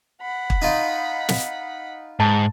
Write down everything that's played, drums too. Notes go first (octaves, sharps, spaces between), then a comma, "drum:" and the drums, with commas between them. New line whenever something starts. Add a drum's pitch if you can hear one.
F#5 B5
drum: kick
D#4 F4
drum: snare
G#2 A5